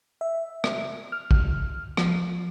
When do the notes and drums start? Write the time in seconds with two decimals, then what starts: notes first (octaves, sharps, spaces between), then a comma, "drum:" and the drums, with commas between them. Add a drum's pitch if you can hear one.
0.21 E5
0.64 drum: rim click
1.12 F6
1.31 drum: kick
1.97 F3, drum: rim click